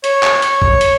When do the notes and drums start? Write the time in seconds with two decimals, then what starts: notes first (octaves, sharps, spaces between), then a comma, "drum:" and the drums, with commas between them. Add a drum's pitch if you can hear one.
0.04 C#5, drum: hi-hat
0.23 drum: clap
0.42 drum: hi-hat
0.62 drum: kick B1
0.81 drum: hi-hat